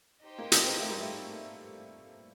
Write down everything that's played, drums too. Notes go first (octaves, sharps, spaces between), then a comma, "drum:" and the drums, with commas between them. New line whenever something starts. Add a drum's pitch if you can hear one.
D#4 G4 C5 D#5 G5
A#3
A#3, drum: hi-hat
C4
A3
G3
A3